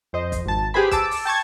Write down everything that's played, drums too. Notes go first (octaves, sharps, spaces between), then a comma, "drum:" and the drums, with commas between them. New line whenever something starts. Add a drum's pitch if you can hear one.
F2 C5 D#5
drum: kick B1, hi-hat
G#1 A5
G4 G#4 B4 C5 G#5 B5
A5 D6 E6, drum: kick B1, hi-hat
drum: open hi-hat
G5 A5 C#6 G#6